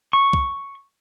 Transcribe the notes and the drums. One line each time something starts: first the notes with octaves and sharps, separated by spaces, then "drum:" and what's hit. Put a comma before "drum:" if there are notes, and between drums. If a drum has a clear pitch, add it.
C#6
drum: kick